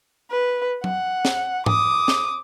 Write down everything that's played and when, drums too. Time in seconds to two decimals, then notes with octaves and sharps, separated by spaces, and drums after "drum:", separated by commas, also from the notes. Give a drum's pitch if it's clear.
0.31 B4
0.84 F#5, drum: tom F#3
1.25 drum: snare
1.66 D6 D#6, drum: tom G#2
2.08 drum: snare